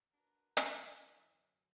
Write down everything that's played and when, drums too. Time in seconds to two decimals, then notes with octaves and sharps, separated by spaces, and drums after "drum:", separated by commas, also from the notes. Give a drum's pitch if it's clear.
0.14 D4 F#4 A#4 B4 A#5
0.57 drum: hi-hat
0.66 F#2 D3 E3 E6